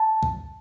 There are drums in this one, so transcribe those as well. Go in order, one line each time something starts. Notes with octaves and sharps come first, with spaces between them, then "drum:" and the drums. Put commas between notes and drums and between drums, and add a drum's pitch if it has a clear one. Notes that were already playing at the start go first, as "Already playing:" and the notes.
Already playing: A5
drum: kick